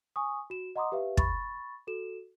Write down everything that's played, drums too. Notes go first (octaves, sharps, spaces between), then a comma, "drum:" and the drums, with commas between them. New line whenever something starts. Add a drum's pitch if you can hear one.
G#5 C#6 D#6
F#4 E7
D#5 F#5 A#5 C6 D6 D#6
G4 B4 E5 F5
B5 C#6 A6, drum: kick
F#4 A4 E7